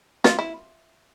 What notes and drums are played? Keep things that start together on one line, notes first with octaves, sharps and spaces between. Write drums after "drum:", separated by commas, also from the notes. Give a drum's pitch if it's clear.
F4, drum: snare
E4